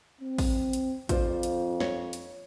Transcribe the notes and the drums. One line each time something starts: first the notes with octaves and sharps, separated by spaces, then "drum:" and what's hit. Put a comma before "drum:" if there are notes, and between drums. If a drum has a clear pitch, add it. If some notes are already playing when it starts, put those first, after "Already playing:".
C4
drum: kick, open hi-hat
drum: hi-hat
F2 F4 C5 D5, drum: kick, hi-hat
drum: hi-hat
C#5, drum: snare
drum: hi-hat